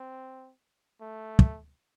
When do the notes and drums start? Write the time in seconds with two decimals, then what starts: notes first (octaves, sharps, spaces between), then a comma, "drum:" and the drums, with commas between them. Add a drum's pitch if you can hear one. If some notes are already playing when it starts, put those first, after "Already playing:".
Already playing: C4
1.01 A3
1.39 drum: kick